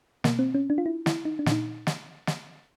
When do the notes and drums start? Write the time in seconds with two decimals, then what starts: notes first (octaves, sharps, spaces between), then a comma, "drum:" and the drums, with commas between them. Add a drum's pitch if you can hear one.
0.24 B2 A#3, drum: snare
0.39 C4
0.54 C#4
0.70 D4
0.78 F4
0.86 E4
1.06 E4, drum: snare
1.25 D#4
1.39 D4
1.46 A#2, drum: snare
1.51 D#4
1.87 drum: snare
2.27 drum: snare